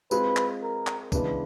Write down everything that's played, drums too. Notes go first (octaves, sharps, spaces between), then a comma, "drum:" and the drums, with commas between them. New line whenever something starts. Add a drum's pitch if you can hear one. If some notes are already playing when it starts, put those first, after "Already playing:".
G#3 C4 F4 G#4 B4, drum: tambourine
drum: clap
A#4
drum: clap
C#3 E3 G#3 B3 D4 B4, drum: kick, tambourine